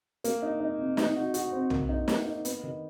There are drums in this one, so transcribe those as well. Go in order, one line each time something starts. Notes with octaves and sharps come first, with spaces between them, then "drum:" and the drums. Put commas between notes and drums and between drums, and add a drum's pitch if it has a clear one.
A#3, drum: hi-hat
D#4
D#4
C3
D#4, drum: snare
F#4
F#4, drum: hi-hat
C4
A#3, drum: tom
D#4
A#3, drum: snare
D#4
B3, drum: hi-hat
D#3